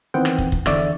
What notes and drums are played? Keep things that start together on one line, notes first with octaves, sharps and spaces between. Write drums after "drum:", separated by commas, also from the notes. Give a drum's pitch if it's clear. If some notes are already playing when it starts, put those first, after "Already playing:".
D#3 E3 B3 C4 F#5 G5
drum: rim click
drum: kick
drum: kick
E2 D3 D5 E5 C#6 A6, drum: rim click